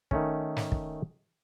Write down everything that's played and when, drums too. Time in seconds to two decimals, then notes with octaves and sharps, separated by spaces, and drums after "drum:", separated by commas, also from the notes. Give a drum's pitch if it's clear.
0.11 D#3 A3 C#4, drum: kick
0.57 drum: snare
0.72 drum: kick